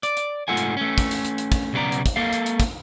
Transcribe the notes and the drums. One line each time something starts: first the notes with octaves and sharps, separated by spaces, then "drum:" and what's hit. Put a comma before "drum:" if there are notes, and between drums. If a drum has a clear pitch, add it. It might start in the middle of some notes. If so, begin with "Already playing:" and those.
D5, drum: hi-hat
drum: hi-hat
G#2 A3 F4 A4 F#5 G#5
drum: hi-hat
A3 C#4
drum: kick, hi-hat
drum: hi-hat
drum: hi-hat
drum: hi-hat
drum: kick, hi-hat
B1 C#3 B3 F4 D5 A#5
drum: hi-hat
drum: kick, hi-hat
A#3 A4 F5
drum: hi-hat
drum: hi-hat
drum: kick, hi-hat